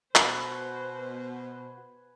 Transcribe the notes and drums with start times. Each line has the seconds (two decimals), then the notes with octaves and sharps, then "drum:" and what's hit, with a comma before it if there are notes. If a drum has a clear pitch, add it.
0.15 B2 F#4 B4 C5 G#5 B5, drum: clap